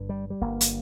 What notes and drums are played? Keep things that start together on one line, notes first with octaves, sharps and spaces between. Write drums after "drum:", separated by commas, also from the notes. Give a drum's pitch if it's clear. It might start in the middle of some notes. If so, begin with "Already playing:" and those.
Already playing: G1 G2
G3
G3
G1 G2 A#3
drum: hi-hat